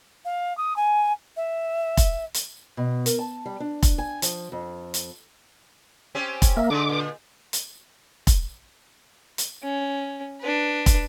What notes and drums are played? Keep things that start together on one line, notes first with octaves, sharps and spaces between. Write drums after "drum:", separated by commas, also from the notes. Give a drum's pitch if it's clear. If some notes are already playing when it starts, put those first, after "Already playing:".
F5
D#6
G#5
E5
drum: kick, hi-hat
drum: hi-hat
B2
A#4, drum: hi-hat
A5
G3
D4
drum: kick, hi-hat
G#5
F3, drum: hi-hat
F2
drum: hi-hat
C4 C#4 G4
drum: kick, hi-hat
A#3 E5
D3 G#3 A3 D#4 D6
A#2
drum: hi-hat
drum: kick, hi-hat
drum: hi-hat
C#4
D4 B4
drum: kick, hi-hat